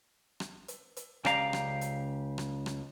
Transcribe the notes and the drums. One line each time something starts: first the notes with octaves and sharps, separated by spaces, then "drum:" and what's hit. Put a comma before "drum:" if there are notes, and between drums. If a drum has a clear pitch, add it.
drum: rim click
drum: hi-hat
drum: hi-hat
C#2 C#3 G4 D5 F5 A#5, drum: rim click
drum: rim click
drum: hi-hat
drum: rim click
drum: rim click